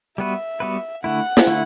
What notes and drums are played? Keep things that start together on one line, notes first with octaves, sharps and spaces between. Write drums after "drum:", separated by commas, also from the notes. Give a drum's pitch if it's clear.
G3 B3 F#4 B4 E5
G3 B3 F#4 B4
D3 A3 E4 F#5
drum: snare
D3 A3 E4